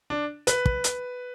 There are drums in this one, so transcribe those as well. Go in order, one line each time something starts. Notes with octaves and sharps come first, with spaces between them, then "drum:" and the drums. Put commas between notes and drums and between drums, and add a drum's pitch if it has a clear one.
D4
B4, drum: hi-hat
drum: kick
drum: hi-hat